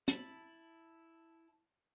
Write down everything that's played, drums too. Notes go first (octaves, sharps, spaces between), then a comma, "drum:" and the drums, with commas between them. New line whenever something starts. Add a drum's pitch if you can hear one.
E4 A5 B5, drum: hi-hat